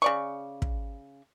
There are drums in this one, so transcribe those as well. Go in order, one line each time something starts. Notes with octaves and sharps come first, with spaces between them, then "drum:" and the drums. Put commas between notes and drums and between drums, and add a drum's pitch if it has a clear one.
C#3 D5 C#6
drum: kick